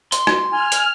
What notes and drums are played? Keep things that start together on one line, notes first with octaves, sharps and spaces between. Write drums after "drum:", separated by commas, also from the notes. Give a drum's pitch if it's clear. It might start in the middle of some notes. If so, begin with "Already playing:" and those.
C6, drum: hi-hat
drum: rim click
G#5 F6
drum: hi-hat